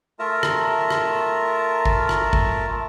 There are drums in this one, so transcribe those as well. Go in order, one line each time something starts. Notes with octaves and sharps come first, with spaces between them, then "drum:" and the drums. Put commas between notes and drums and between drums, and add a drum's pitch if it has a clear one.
A3 F4 A#4 E5 A5 A#5
drum: rim click
drum: rim click
drum: kick
drum: rim click
drum: kick